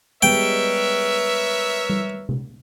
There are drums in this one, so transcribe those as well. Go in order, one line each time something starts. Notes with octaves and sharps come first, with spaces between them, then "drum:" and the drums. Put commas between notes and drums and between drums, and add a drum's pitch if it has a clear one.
G3 G#3 B3 A#4 B4 C#5 E5 G5
drum: tom G3
drum: tom C3